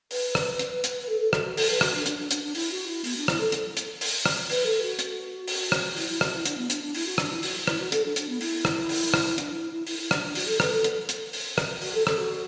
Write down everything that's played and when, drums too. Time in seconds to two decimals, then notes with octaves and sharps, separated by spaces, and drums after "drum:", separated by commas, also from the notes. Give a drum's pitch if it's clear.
0.11 B4, drum: open hi-hat
0.35 drum: rim click
0.59 drum: hi-hat
0.84 drum: hi-hat
1.08 A4
1.20 A4
1.33 F#4, drum: rim click
1.45 F#4
1.57 A4, drum: open hi-hat
1.69 B4
1.81 F#4, drum: rim click
1.94 D4
2.06 D4, drum: hi-hat
2.17 D4
2.31 D4, drum: hi-hat
2.43 D4
2.55 E4, drum: open hi-hat
2.71 F#4
2.87 E4
3.04 B3, drum: open hi-hat
3.16 D4
3.28 E4, drum: rim click
3.40 A4
3.52 drum: hi-hat
3.77 drum: hi-hat
4.01 drum: open hi-hat
4.26 drum: rim click
4.49 B4, drum: open hi-hat
4.66 A4
4.82 F#4
4.99 drum: hi-hat
5.48 drum: open hi-hat
5.72 drum: rim click
5.97 E4, drum: open hi-hat
6.08 E4
6.21 F#4, drum: rim click
6.33 E4
6.46 D4, drum: hi-hat
6.57 B3
6.70 D4, drum: hi-hat
6.82 D4
6.95 E4, drum: open hi-hat
7.06 F#4
7.18 D4, drum: rim click
7.30 E4
7.43 F#4, drum: open hi-hat
7.67 E4, drum: rim click
7.80 F#4
7.92 A4, drum: hi-hat
8.04 D4
8.16 D4, drum: hi-hat
8.29 B3
8.41 E4, drum: open hi-hat
8.65 drum: rim click
8.89 drum: open hi-hat
9.14 drum: rim click
9.38 D4, drum: hi-hat
9.54 E4
9.71 E4
9.87 E4, drum: open hi-hat
9.99 E4
10.11 D4, drum: rim click
10.23 D4
10.35 F#4, drum: open hi-hat
10.47 A4
10.60 B4, drum: rim click
10.72 A4
10.84 drum: hi-hat
11.09 drum: hi-hat
11.33 drum: open hi-hat
11.58 drum: rim click
11.81 F#4, drum: open hi-hat
11.94 A4
12.07 A4, drum: rim click
12.19 F#4